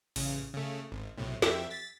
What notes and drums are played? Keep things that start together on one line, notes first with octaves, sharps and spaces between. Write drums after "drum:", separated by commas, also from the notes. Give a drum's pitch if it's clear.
A1 C#3, drum: open hi-hat
C#3 A3
G#1
B1 A2 C3
F2 G4 E5, drum: snare
A6 B6